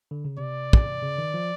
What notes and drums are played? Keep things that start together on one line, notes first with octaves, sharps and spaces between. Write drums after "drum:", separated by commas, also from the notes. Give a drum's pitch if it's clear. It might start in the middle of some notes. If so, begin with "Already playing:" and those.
D3
C#3
C3 D5
drum: kick
C#3
D#3
F3